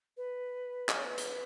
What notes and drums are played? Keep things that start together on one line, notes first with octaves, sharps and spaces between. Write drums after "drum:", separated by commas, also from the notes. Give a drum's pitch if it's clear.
B4
D#5, drum: clap
C#5
B4
drum: hi-hat